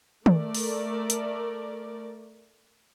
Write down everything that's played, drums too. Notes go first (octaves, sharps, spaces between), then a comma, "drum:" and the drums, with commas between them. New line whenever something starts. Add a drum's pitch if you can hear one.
A3 A#4 D5, drum: tom D#3
drum: open hi-hat
drum: hi-hat